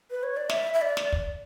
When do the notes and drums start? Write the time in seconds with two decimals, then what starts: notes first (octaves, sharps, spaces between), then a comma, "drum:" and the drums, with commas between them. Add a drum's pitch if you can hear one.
0.11 B4
0.23 C#5
0.37 D5
0.50 E5, drum: snare
0.74 E5
0.82 D5
0.97 drum: snare
1.12 drum: kick